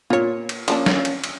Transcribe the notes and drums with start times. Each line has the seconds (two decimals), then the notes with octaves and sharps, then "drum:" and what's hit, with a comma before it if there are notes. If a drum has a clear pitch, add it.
0.10 A#2 F4 C#5
0.49 drum: cymbal
0.68 F3 A#3 C#4 D4, drum: cymbal
0.86 drum: snare
1.05 drum: cymbal
1.24 drum: cymbal